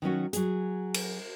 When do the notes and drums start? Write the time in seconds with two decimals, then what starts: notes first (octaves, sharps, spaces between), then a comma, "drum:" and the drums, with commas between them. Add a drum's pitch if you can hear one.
0.02 D#3 F#3 C#4 F#4
0.33 F#3 G#4, drum: hi-hat
0.94 drum: cymbal